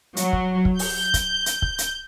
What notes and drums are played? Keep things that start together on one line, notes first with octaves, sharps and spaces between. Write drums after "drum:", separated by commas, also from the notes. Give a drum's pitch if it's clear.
F#3, drum: hi-hat
drum: kick
drum: kick
G6, drum: open hi-hat
drum: kick, hi-hat
drum: hi-hat
drum: kick
drum: hi-hat